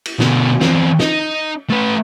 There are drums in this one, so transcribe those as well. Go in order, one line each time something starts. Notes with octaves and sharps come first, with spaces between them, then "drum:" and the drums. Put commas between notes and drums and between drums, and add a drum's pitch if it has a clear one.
drum: cymbal
B2 D3, drum: snare
E2 C4, drum: snare
D#4, drum: snare
A3 B4